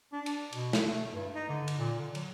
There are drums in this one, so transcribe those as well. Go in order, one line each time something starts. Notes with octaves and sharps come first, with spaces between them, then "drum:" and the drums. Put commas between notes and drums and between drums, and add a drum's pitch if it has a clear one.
D4
drum: cymbal
B2, drum: cymbal
drum: snare
A3
G2
D#4
D3
drum: cymbal
A#2
D3
F#3, drum: cymbal